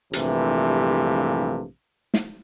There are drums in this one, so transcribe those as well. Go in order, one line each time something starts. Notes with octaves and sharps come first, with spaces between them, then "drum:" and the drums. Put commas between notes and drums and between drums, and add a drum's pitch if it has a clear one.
A#1 G2 C3 E3 F3 A3, drum: hi-hat
drum: snare